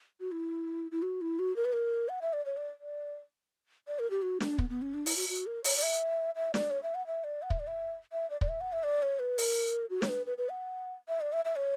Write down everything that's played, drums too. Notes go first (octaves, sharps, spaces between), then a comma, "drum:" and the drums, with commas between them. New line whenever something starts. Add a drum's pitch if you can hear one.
F#4
E4
E4
F#4
E4
F#4
A#4
B4
A#4
F#5
E5
D5
C#5
D5
D5
D5
A#4
G4
F#4
D4, drum: snare
B3, drum: kick
B3
C#4
D4
E4, drum: open hi-hat
F#4
F#4
A#4
C#5, drum: open hi-hat
D5
E5
E5
D5, drum: snare
C#5
E5
F#5
E5
D5
F#5
E5, drum: kick
D5
E5
E5
D5
D5, drum: kick
E5
F#5
E5
D5
C#5
B4
A#4, drum: open hi-hat
F#4
C#5, drum: snare
B4
B4
B4
F#5
E5
D5
E5
E5
C#5